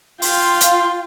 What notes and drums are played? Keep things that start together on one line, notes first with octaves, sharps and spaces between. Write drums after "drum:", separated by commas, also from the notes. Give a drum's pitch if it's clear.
F4 F5 G5 C6, drum: open hi-hat
drum: hi-hat